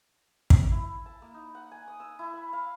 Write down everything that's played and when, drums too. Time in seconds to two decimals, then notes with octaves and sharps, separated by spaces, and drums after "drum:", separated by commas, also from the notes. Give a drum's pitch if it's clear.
0.50 drum: kick
0.72 E4
1.06 A5
1.22 A#3
1.34 D#4
1.55 F#5
1.71 G#5
1.88 D#6
2.00 E6
2.19 E4
2.34 B5
2.53 F5